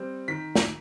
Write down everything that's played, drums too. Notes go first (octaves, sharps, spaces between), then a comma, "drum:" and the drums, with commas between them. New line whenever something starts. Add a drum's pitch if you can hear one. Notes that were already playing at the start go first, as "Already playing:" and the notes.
Already playing: G3 C4
D#3 B6
drum: snare